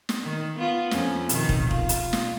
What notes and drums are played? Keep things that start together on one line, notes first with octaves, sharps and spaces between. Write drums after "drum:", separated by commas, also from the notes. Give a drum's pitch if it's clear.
drum: snare
D#3
B3 F4
F2 C#4, drum: snare
B2 D#3, drum: hi-hat
drum: kick
F4, drum: kick
drum: hi-hat
drum: snare